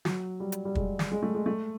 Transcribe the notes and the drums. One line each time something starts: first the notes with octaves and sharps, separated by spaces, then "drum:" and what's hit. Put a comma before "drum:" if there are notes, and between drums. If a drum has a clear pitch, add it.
F#3, drum: snare
G3
drum: hi-hat
G3
G#3, drum: kick
drum: snare
G#3
A3
G#3
A3